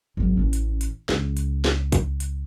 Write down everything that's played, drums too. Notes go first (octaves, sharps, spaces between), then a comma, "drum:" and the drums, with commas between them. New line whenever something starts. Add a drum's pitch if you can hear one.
G#1 F#3
A1 C#4
drum: hi-hat
drum: hi-hat
C#2, drum: snare
drum: hi-hat
drum: snare
drum: kick, hi-hat
drum: hi-hat